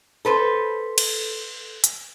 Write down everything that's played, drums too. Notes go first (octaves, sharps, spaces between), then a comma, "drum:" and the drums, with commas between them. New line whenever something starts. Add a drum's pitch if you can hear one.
A4 B4 C5
drum: cymbal
drum: hi-hat